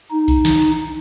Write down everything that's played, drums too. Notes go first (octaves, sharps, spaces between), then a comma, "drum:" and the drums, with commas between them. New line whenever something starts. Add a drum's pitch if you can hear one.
D#4
drum: kick C2, hi-hat
drum: snare
drum: hi-hat